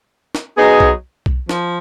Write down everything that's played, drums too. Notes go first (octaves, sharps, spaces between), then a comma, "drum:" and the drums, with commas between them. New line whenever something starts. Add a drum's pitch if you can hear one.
drum: snare
F#3 B3 D#4 G#4
drum: kick B1
drum: kick B1
F3, drum: snare